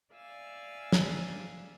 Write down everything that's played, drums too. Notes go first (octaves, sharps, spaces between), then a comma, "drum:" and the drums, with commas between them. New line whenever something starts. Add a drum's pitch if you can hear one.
D5 E5 F5 G#5 E6
drum: snare